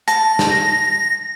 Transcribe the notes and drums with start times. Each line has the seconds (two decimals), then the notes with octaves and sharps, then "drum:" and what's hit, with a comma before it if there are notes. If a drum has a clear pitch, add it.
0.08 A5 A#6, drum: hi-hat
0.39 drum: snare